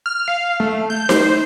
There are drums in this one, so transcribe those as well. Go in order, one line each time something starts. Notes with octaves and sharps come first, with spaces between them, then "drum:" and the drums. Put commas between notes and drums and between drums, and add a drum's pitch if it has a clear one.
F6
F5
A3
G6
C5, drum: snare D#4